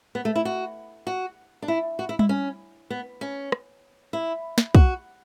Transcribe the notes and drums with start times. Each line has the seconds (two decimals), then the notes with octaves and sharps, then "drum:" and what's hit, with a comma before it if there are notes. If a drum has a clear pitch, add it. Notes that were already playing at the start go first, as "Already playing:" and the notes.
0.15 B3
0.25 A3
0.36 E4
0.45 F#4
1.07 F#4
1.62 D4
1.68 E4
1.99 F#4
2.09 E4
2.19 E4, drum: tom G3
2.29 C#4
2.90 B3
3.21 C#4
3.52 drum: rim click
4.13 E4
4.58 drum: snare
4.75 F#4, drum: kick